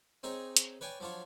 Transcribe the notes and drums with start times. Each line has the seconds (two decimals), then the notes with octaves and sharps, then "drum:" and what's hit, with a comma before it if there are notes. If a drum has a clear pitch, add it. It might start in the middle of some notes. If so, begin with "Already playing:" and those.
0.23 C4 D#4 G#4 C#5 D#5
0.57 drum: hi-hat
0.81 B4 C#5 D5 G5 G#5
1.00 F3 F#3 D4 F4 C#5